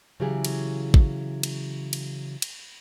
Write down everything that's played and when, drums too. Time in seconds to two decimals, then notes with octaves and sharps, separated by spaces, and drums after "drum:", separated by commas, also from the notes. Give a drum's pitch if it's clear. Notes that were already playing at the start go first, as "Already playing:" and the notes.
0.20 C#3 E3 F#3 G4 G#4
0.45 drum: cymbal
0.94 drum: kick
1.43 drum: cymbal
1.93 drum: cymbal
2.42 drum: cymbal